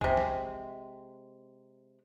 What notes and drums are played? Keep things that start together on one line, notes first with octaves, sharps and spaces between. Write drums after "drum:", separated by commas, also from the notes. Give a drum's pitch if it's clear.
C3 G#3, drum: kick A#1
drum: snare